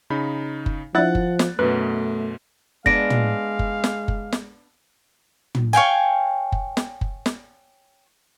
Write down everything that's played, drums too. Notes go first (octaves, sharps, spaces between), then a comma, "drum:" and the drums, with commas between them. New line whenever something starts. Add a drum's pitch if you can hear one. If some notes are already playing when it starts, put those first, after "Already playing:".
C#3 D#4 B5
drum: kick F#1
F3 D4 E4 F#5 F#6 A6
drum: kick F#1
drum: snare
F#2 B2 A3 B4
G#3 B3 D4 F5 A#6 D7, drum: kick F#1
drum: tom
drum: kick F#1
drum: snare
drum: kick F#1
drum: snare
drum: tom
C#5 F5 G5 G#5
drum: kick F#1
drum: snare
drum: kick F#1
drum: snare